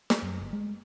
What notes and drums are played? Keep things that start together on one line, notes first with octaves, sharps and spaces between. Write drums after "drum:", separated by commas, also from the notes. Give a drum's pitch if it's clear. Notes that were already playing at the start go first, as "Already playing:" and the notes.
drum: snare
F#2
G1
G#3